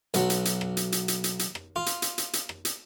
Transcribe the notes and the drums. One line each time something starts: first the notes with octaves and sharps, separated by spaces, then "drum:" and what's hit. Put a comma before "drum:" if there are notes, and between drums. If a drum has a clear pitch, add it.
B1 F#3, drum: hi-hat
drum: hi-hat
drum: hi-hat
drum: rim click
drum: hi-hat
drum: hi-hat
drum: hi-hat
drum: hi-hat
drum: hi-hat
drum: rim click
F4
drum: hi-hat
drum: hi-hat
drum: hi-hat
drum: hi-hat
drum: rim click
drum: hi-hat